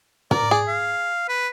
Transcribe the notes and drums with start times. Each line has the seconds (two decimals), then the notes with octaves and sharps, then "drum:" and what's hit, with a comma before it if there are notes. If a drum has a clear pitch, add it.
0.31 A#4 D5, drum: tom
0.51 G#4
0.67 F5
1.28 B4